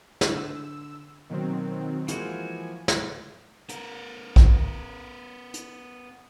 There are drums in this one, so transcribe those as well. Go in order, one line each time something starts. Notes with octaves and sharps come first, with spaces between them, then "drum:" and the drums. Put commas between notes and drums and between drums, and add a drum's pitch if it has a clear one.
D3 E6, drum: snare
B2 D#3 F#3 A#3 C4
E3 F3 G#3 A#3 F4 F#4 G#5, drum: hi-hat
drum: snare
B3 A#4, drum: hi-hat
drum: kick A#1
drum: hi-hat